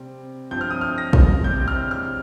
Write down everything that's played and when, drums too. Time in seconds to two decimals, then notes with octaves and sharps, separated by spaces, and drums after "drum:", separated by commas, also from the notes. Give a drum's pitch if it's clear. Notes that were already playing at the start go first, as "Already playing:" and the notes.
Already playing: C3 G3 C4
0.51 G2 F3 C4 G6
0.61 F6
0.70 D#6
0.81 F6
0.98 A#6
1.13 drum: kick
1.44 C3 G3 C4 G6
1.68 F6
1.91 F6